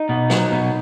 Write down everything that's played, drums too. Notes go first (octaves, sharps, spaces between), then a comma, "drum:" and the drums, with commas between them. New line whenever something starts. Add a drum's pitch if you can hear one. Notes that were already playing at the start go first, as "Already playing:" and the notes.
Already playing: D#4
B2
F#3, drum: snare
B2